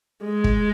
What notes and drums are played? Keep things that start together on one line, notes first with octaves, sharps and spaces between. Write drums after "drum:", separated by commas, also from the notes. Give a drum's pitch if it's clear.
G#3
drum: kick